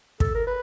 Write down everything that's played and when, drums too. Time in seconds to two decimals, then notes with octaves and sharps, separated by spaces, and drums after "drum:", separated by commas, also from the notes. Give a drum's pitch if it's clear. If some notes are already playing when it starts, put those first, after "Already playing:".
0.20 A4, drum: kick
0.34 A#4
0.47 B4